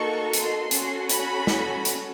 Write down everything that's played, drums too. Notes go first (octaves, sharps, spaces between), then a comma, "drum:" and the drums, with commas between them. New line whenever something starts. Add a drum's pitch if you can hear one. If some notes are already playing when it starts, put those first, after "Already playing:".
Already playing: A#3 D#4 F#4 A4 C#6
C6, drum: hi-hat
C#4 F#4 A4, drum: hi-hat
B5, drum: hi-hat
drum: snare
drum: hi-hat